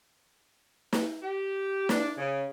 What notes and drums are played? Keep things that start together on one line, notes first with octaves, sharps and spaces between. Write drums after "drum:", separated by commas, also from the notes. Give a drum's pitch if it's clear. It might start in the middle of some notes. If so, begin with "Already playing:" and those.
drum: snare
G4
D4, drum: snare
C#3